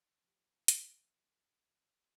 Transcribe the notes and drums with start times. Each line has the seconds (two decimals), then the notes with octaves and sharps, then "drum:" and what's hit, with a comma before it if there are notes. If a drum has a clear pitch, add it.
0.24 F3 A3 F4 G4
0.68 drum: hi-hat